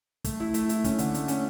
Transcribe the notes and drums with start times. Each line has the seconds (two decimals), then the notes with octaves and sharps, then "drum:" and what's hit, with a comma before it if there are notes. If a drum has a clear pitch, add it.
0.24 A3, drum: kick, hi-hat
0.40 E4
0.54 A3, drum: hi-hat
0.69 E4, drum: hi-hat
0.84 C#4, drum: kick, hi-hat
0.98 D3, drum: hi-hat
1.14 A3, drum: hi-hat
1.28 C#4, drum: hi-hat